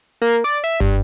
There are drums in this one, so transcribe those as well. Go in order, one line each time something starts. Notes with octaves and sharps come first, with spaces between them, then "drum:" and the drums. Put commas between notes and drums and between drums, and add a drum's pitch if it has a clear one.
A#3
D5, drum: hi-hat
E5, drum: hi-hat
G2, drum: kick, open hi-hat